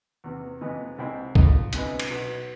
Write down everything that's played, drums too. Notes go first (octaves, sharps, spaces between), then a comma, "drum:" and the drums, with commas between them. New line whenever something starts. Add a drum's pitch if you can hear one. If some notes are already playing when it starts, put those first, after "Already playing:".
E2 C3 E3
F2 C3 E3 G#3 B3
C2 C3 G#3 C4 E4
F2 C3 F3, drum: kick
D2 C3 G#3 B3 E4, drum: hi-hat
drum: cymbal
B1 B2 B3